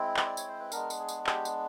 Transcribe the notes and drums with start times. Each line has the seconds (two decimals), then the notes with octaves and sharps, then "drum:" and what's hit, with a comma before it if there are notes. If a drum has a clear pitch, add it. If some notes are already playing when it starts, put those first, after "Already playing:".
Already playing: G#3 C4 E4
0.17 drum: clap
0.26 D5
0.37 C#5, drum: tambourine
0.48 C5
0.60 B4
0.72 G#3 B3 D4 A#4, drum: tambourine
0.90 drum: tambourine
0.99 G#4
1.09 drum: tambourine
1.27 G4, drum: clap
1.45 drum: tambourine